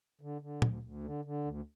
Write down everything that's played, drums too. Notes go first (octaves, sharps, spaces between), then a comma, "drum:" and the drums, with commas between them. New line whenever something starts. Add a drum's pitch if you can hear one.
D3
D3
D2, drum: tom
D2
D3
D3
D2